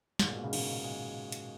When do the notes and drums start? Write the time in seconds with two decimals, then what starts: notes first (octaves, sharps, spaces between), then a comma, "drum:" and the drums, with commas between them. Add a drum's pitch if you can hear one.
0.19 G#2, drum: snare
0.28 A#2
0.36 B2
0.44 C#3
0.53 D#3, drum: cymbal
0.84 G#3
1.32 drum: hi-hat